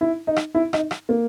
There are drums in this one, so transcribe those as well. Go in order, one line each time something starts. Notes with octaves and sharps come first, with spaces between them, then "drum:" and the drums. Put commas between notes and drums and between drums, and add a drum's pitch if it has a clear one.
E4
D#4
drum: rim click
E4
D#4, drum: rim click
drum: rim click
A#3